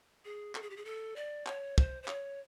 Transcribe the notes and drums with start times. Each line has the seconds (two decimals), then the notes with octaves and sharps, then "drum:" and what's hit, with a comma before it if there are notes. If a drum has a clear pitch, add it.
0.25 G#4
0.55 A4, drum: clap
0.62 G#4
0.70 G4
0.77 G#4
0.85 A4
1.16 D5
1.47 C#5, drum: clap
1.78 C5, drum: kick
2.03 C5
2.08 C#5, drum: clap